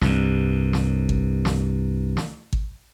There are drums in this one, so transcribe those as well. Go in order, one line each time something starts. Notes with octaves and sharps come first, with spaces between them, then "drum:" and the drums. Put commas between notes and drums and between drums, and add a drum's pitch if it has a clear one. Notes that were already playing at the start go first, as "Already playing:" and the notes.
C2 G2, drum: snare
drum: snare
drum: kick
drum: snare
drum: snare
drum: kick